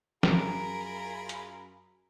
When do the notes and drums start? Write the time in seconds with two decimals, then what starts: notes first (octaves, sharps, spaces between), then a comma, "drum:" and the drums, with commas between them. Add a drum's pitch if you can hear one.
0.23 F#2 F4 G#4 A#4 B5, drum: snare
1.29 drum: hi-hat